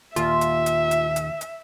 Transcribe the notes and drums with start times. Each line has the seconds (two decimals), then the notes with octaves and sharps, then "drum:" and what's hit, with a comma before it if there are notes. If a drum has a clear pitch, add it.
0.16 D#2 A#2 F4 E5, drum: hi-hat
0.41 drum: hi-hat
0.66 drum: hi-hat
0.91 drum: hi-hat
1.16 drum: hi-hat
1.41 drum: hi-hat